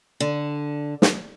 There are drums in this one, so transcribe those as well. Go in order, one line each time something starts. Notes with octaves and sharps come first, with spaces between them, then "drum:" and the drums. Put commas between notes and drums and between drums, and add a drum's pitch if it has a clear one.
D3
drum: snare